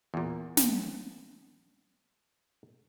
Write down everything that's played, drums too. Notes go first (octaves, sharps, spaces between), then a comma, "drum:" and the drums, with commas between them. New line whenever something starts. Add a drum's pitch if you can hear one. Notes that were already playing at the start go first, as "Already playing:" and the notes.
E2 A#2
drum: snare